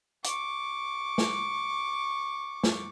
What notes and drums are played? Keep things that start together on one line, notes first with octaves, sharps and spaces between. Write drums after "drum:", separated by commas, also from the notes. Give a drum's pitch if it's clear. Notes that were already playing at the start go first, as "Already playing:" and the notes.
C#6 D6, drum: hi-hat
drum: snare
drum: snare